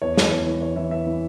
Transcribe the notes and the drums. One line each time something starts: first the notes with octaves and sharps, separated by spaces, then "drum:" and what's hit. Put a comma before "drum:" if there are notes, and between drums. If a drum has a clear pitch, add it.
E2 C#5
E3, drum: snare
E2 C#5
E3
E2 C#5
E3 E5
E2 E5
E3